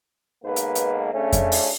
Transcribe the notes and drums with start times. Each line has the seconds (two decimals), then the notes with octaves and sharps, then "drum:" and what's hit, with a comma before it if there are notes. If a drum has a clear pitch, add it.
0.44 B1 G#2 A#3 B4
0.56 drum: hi-hat
0.75 drum: hi-hat
1.14 C#3 A3 C#4 D4
1.33 drum: kick F2, hi-hat
1.52 drum: open hi-hat